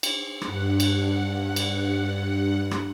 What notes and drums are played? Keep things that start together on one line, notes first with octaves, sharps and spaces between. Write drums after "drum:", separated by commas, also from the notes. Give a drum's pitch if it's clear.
drum: cymbal
G2 F#5, drum: rim click
drum: cymbal
drum: cymbal
drum: rim click